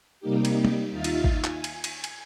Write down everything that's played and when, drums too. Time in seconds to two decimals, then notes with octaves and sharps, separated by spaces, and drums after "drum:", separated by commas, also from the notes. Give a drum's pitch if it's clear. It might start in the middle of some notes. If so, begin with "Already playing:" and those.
0.20 C3 G3 A#3 D#4 G4
0.45 drum: cymbal
0.65 drum: tom
0.92 D#2 D#4 F4 E5 F5 A6
1.04 drum: cymbal
1.24 drum: kick
1.44 G#5, drum: clap
1.64 drum: cymbal
1.84 drum: cymbal
2.04 drum: cymbal